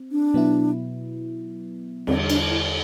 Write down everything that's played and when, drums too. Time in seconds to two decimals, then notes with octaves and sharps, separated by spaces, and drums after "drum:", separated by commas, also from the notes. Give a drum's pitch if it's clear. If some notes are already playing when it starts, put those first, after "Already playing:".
Already playing: C4
0.12 D4
0.34 B2 F#3 B3 E4
2.07 E2 D3 G3 C4, drum: cymbal
2.30 D4, drum: cymbal
2.51 E4